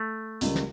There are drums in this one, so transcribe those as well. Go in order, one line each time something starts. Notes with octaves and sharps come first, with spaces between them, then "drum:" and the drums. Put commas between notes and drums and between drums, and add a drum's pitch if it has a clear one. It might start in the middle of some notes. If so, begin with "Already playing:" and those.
Already playing: A3
C#2 C#3 G3 A#3, drum: hi-hat
drum: snare